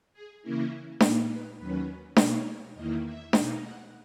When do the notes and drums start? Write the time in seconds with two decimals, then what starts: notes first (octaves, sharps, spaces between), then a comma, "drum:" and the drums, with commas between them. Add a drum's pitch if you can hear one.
0.13 G#4
0.42 C#3 E3 A#3 C#4 E4 A#4
1.00 A#2 A#3 D#4 A#4, drum: snare D4
1.29 B4
1.58 D#2 D#3 F#3 C#4 B4
2.16 B2 A#3 D#4 C#5, drum: snare D4
2.74 E2 D#3 A#3 E4 D#5
3.04 E5
3.33 B2 A#3 D#4, drum: snare D4
3.62 F#5